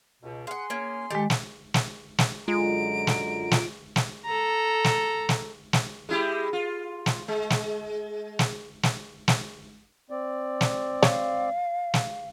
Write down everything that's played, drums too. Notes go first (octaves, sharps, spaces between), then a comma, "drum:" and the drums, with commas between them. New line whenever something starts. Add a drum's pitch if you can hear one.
C#2 B2
G#4 F5 F#5 C6
A#3 C#4
D#3 G#3 G4 A4
drum: snare
drum: snare
drum: snare
F#2 D3 G#3 F4 A#5 D7
drum: snare
drum: snare
drum: snare
A4 A#5
drum: snare
drum: snare
drum: snare
G#3 E4 G4
F4
drum: snare
G#3
drum: snare
drum: snare
drum: snare
drum: snare
C4 D5
drum: snare
C#5 F5, drum: snare
drum: snare